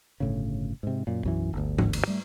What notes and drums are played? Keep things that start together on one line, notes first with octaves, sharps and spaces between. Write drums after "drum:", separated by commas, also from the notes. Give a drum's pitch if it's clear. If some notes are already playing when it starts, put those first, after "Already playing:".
G1 A2 C#3
G#2 C3
F#2 A#2
B1 F#2 E3
G1 D2
drum: tom G#2
drum: cymbal
G3 A3